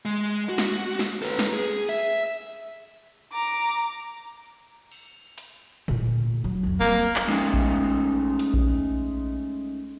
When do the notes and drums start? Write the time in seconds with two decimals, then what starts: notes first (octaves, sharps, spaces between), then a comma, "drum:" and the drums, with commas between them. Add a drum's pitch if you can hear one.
0.05 G#3
0.49 F#4
0.58 drum: snare
0.99 drum: snare
1.22 A4 B4
1.39 drum: snare
1.53 G#4
1.89 E5
3.32 A#5 D6
4.92 drum: cymbal
5.38 drum: hi-hat
5.88 D2 A#2, drum: tom G#2
6.44 F#3
6.63 C2 F2
6.80 G3 A#3 C4
7.16 drum: clap
7.28 G#3 A3 C#4 D#4
7.54 drum: kick A#1
8.39 drum: hi-hat
8.54 drum: kick A#1